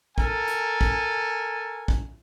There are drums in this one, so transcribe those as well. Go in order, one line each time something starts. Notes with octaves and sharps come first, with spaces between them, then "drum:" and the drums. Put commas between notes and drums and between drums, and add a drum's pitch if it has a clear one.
A4 A#4 G#5, drum: kick
drum: hi-hat
drum: kick
drum: kick